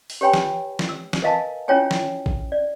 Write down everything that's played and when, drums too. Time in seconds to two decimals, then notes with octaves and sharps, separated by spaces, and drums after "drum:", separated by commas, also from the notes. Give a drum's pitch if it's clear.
0.10 drum: open hi-hat
0.21 G4 B4 C#5 G5 G#5 B5
0.34 drum: snare
0.79 drum: snare
0.89 E6
1.13 drum: snare
1.22 A#4 B4 D#5 F5 G#5 A5
1.68 C#4 E4 F4 C#5 G5 G#5
1.91 drum: snare
2.26 drum: kick A1
2.52 D5